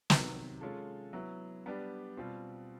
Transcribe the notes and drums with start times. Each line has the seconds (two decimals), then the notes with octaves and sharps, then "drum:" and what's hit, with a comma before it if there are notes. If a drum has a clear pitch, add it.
0.10 C3 D#3 F#3, drum: snare
0.61 G#3 C#4 F4 A4
1.13 F#3 B3 E4
1.66 G3 B3 D4 G4
2.17 B2 G3 C4 F4